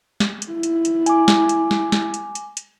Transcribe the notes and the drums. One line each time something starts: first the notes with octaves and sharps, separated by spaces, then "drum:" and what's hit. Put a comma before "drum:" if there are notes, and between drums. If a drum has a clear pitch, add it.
drum: snare
drum: hi-hat
E4
drum: hi-hat
drum: hi-hat
G#5 D6, drum: hi-hat
drum: snare
drum: hi-hat
drum: snare
drum: snare
drum: hi-hat
drum: hi-hat
drum: hi-hat